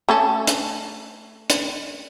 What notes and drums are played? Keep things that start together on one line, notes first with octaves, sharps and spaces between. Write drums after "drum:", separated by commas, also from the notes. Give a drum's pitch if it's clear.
A3 C#4 A4
drum: hi-hat
drum: hi-hat